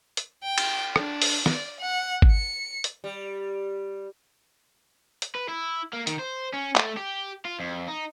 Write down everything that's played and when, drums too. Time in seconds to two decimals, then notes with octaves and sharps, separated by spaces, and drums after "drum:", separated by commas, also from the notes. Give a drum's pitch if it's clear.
0.17 drum: hi-hat
0.43 G5
0.58 drum: cymbal
0.96 D4, drum: rim click
1.22 drum: open hi-hat
1.46 D5, drum: snare
1.80 F#5
2.22 drum: kick G#1
2.32 C#7
2.84 drum: hi-hat
3.04 G3
5.22 drum: hi-hat
5.35 B4
5.49 E4
5.93 A#3
6.07 D#3, drum: hi-hat
6.19 C5
6.53 C#4
6.76 A3, drum: clap
6.97 G4
7.45 F4
7.60 F2
7.88 D#4